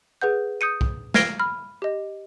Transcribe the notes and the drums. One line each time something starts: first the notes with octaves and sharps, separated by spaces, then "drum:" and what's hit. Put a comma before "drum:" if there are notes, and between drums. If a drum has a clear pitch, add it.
G#4 B4 F#5 G6
D#6 G6 C#7 D#7
drum: kick
F6 G#6 A#6 C7 D7 G7, drum: snare
B5 F6
G4 D#5